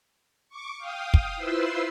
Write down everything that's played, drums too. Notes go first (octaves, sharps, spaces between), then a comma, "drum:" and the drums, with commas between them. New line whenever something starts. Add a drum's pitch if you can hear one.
C#6 D6
F5 G5 D#6
drum: kick
E4 F4 B4 C5 C6 E6